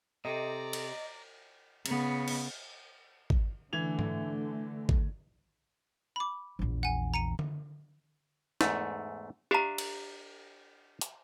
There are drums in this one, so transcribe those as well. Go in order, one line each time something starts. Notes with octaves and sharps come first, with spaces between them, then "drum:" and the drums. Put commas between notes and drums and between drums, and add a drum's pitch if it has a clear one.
C3 A4 D5 D#5 A#5
drum: cymbal
C#3 B3, drum: cymbal
drum: cymbal
drum: kick
D3 E3 A3 G#6 F7
drum: tom G#2
drum: kick
B5 D6
A#1 E2
F#5 G#5
A#5 C#7 D#7
drum: tom D3
E2 G#2 A3, drum: snare
D4 G4 E5 F5 A#5
drum: cymbal
drum: hi-hat